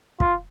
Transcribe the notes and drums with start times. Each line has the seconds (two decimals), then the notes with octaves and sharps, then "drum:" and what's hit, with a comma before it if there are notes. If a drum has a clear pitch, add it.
0.20 F4, drum: kick